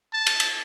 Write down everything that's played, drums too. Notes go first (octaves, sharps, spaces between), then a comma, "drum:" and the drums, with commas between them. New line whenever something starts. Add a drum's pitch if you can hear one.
A5
drum: cymbal
drum: cymbal